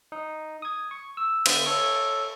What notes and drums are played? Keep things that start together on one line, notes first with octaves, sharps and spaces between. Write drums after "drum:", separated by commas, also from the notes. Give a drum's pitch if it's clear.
D#4
D#6 G#6
C#6
E6
D3 B3 C5, drum: cymbal
A4 C#5